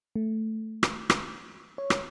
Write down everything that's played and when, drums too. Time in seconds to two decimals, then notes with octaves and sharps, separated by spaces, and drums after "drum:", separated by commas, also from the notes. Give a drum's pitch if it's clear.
0.16 A3
0.83 drum: rim click
1.10 drum: rim click
1.78 C#5
1.90 drum: rim click